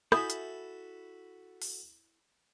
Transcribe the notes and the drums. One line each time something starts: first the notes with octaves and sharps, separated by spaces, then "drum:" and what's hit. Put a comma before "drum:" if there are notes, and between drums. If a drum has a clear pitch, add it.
E4 F#4 A4 E5 G#5 B5 D#6 G6, drum: rim click
drum: hi-hat
drum: open hi-hat